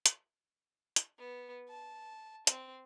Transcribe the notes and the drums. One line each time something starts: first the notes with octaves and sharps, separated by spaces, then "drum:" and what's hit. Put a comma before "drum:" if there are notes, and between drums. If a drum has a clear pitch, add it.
drum: hi-hat
drum: hi-hat
B3
A5
C4, drum: hi-hat